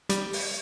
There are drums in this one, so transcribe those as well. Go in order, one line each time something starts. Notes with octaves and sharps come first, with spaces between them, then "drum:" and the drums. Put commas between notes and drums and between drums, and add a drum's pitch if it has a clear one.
G3, drum: hi-hat
drum: open hi-hat